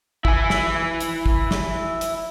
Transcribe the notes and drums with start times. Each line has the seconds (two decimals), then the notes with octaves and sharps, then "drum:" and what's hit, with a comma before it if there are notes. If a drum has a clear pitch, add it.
0.25 E4 G#5, drum: kick
0.50 drum: snare
1.00 drum: hi-hat
1.26 drum: kick
1.51 drum: snare
2.01 drum: hi-hat